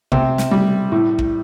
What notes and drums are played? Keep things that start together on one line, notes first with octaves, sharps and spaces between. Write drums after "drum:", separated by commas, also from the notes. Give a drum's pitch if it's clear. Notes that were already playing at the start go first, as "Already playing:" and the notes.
C3, drum: kick
drum: snare
G3
A2
drum: kick